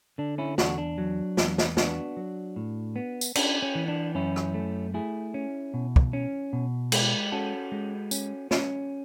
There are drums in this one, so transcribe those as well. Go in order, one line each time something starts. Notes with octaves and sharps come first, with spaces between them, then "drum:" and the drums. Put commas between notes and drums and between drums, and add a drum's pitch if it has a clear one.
D3 D4
C#4 E4
E2 D4 F#4, drum: snare
D4
F#3
E2, drum: snare
drum: snare
B3 D4 F#4, drum: snare
F#3
A2
B3
drum: tambourine
C#4 D4, drum: cymbal
C#4
E3
D4
F#2 C#4 E4
drum: rim click
A3
A3 E4 G#4
C#4
B2
drum: kick
C#4
B2
G#3, drum: cymbal
C#4 F#4 A4
G#3
C#4, drum: tambourine
C#4, drum: snare